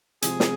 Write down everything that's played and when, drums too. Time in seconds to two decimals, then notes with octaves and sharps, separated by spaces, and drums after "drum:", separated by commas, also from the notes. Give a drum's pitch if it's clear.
0.22 C3 F3 G#3 C4 G#4, drum: hi-hat
0.40 drum: snare